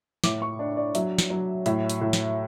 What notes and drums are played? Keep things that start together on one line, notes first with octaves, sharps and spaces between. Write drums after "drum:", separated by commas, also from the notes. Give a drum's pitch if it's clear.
A2 D6, drum: snare
C#6
D4 D5
D5
F#3 E5, drum: hi-hat
drum: snare
F#3
A2 E5, drum: hi-hat
drum: hi-hat
A2
drum: snare